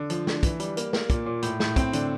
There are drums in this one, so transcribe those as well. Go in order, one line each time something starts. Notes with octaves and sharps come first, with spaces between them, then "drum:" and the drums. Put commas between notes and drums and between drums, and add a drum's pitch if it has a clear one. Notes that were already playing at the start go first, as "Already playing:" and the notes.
Already playing: D3
F3, drum: hi-hat
D4, drum: snare
E3, drum: kick, hi-hat
G3, drum: hi-hat
A#3, drum: hi-hat
A#3, drum: snare
A#2, drum: kick, hi-hat
A#2
A2, drum: hi-hat
A2, drum: snare
C4, drum: kick, hi-hat
D3, drum: hi-hat